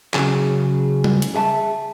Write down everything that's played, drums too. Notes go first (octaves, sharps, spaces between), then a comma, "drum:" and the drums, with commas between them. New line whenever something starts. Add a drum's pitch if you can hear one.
C#3 F#3 G#4, drum: clap
drum: tom G3
drum: hi-hat
G#4 E5 A5